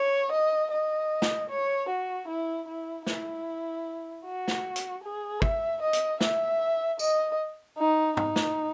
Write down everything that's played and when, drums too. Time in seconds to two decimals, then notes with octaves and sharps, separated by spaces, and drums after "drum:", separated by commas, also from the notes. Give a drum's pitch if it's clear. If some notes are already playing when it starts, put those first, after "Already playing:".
Already playing: C#5
0.32 D#5
0.71 D#5
1.22 drum: snare
1.49 C#5
1.89 F#4
2.28 E4
2.67 E4
3.06 E4, drum: snare
4.25 F#4
4.48 drum: snare
4.76 drum: hi-hat
5.03 G#4
5.42 E5, drum: kick
5.81 D#5
5.93 drum: hi-hat
6.21 E5, drum: snare
6.99 D#5, drum: tambourine
7.78 D#4
8.17 D#4, drum: tom
8.36 drum: snare